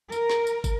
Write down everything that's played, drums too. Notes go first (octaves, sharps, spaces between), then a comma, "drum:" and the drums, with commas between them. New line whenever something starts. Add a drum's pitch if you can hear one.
A#4, drum: tambourine
drum: snare
drum: tambourine
drum: kick, tambourine